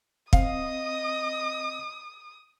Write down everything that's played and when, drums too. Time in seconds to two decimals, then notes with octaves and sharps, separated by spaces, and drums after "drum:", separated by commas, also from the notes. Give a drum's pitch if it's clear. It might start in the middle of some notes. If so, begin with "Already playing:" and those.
0.33 C4 D#5 F5 D#6, drum: kick